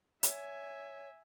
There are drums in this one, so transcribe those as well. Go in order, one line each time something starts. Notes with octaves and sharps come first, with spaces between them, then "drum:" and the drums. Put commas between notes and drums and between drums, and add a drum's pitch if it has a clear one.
C#5 E5 G#5, drum: hi-hat